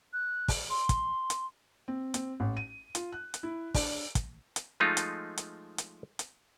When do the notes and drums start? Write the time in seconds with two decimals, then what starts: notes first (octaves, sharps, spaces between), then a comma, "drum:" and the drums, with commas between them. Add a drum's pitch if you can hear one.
0.13 F#6
0.48 drum: kick, open hi-hat
0.70 C6
0.89 drum: kick, hi-hat
1.30 drum: hi-hat
1.88 C4
2.14 C4, drum: hi-hat
2.40 A1
2.57 D#7
2.95 F4, drum: hi-hat
3.12 F#6
3.34 drum: hi-hat
3.43 E4
3.74 D4, drum: kick, open hi-hat
4.15 drum: kick, hi-hat
4.56 drum: hi-hat
4.80 F3 G#3 A3 D#4 F4
4.97 drum: hi-hat
5.38 drum: hi-hat
5.78 drum: hi-hat
6.19 drum: hi-hat